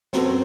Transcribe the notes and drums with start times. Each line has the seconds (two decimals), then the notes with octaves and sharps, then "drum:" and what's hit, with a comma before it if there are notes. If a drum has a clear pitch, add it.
0.13 F#2 F#3 B3 C4 F#4 A4, drum: snare